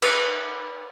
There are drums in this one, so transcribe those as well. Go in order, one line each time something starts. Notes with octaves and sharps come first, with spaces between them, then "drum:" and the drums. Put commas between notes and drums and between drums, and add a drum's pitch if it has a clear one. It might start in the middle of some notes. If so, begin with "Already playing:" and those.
B4, drum: cymbal